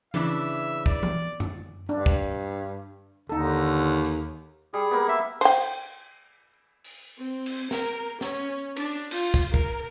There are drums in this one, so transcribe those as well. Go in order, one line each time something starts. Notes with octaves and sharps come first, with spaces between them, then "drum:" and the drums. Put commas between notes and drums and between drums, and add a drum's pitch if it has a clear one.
C#3 E3 D4 E5, drum: tom E3
D5, drum: kick
drum: tom E3
drum: tom F#2
G2 D4
drum: kick
D#2 D3 D#4 A4
drum: hi-hat
G3 G#4
A#3 B3
E5
C5 G5, drum: cymbal
drum: open hi-hat
C4
drum: cymbal
A#4, drum: snare
C#4, drum: snare
D4, drum: cymbal
F4, drum: cymbal
drum: kick
A#4, drum: kick